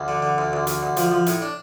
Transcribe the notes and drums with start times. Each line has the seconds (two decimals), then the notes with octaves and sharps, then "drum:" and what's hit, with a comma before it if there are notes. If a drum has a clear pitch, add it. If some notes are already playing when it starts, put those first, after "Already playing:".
Already playing: D2
0.08 D3
0.22 D3
0.38 D2
0.53 D2
0.67 D2, drum: hi-hat
0.83 D2
0.97 F3, drum: hi-hat
1.11 F3
1.26 A2, drum: hi-hat
1.42 D4